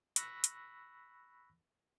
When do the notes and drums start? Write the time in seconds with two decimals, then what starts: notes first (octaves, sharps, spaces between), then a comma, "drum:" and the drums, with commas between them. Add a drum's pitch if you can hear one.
0.16 B5 C#6 E6 F#6 A#6 B6, drum: hi-hat
0.44 drum: hi-hat